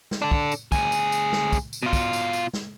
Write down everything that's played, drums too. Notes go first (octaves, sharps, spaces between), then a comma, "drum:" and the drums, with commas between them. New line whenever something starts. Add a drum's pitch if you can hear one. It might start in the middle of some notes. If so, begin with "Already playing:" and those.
drum: snare
D4 A4
drum: kick
drum: tambourine
D2 G#4, drum: kick, tambourine
drum: tambourine
drum: tambourine
drum: snare
drum: kick, tambourine
drum: tambourine
B2 F4
drum: kick, tambourine
drum: tambourine
drum: tambourine
drum: snare